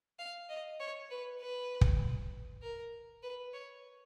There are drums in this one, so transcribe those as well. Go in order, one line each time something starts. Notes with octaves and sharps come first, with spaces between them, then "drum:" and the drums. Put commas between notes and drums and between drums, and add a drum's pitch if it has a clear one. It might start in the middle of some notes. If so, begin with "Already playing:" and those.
F5
D#5
C#5
B4
B4
drum: kick
A#4
B4
C#5